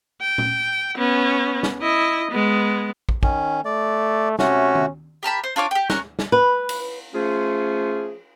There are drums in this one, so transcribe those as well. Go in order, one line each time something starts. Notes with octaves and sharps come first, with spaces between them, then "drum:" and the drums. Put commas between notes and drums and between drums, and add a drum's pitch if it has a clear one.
G5
drum: tom A#2
B3 C#4
drum: snare
E4 D#5
G#3 B3
drum: kick
D#3 C#4, drum: kick
A3 D5
C3 A3 C#4 F#4, drum: snare
drum: tom D#3
G4 A#4 A5 B5
C5
D4 F4 C#5 D6
G4 G5
C#4 A#4 C#6 F#6, drum: snare
drum: snare
B4
drum: cymbal
F3 A3 C#4 F4 G#4